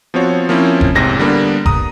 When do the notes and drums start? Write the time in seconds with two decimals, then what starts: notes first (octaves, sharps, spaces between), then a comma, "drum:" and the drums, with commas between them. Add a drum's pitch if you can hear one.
0.14 F3 B3 C4 F4 F#4 C#5
0.49 F3 A#3 C4 C#4 E4
0.81 drum: kick F1
0.95 A1 G#2 C3 A#6
1.19 D3 G3 A#3 B3 D4
1.66 A#5 D#6, drum: kick F1